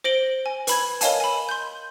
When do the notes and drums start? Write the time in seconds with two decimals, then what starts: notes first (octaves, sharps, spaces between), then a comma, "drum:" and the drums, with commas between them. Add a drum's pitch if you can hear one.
0.04 C5 A#6 D7 F#7 G7
0.46 G#5
0.67 B4 B5 G#6, drum: hi-hat
1.01 A#4 C#5 D#5 F5 G#5 A5, drum: hi-hat
1.20 G#5 B5
1.49 C6 G6